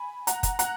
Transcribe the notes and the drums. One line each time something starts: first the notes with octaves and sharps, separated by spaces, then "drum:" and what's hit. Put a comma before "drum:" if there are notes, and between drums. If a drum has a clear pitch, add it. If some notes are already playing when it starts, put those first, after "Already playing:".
Already playing: G#5 B5
F#5 A#5, drum: hi-hat
drum: kick, hi-hat
F#5 A#5, drum: hi-hat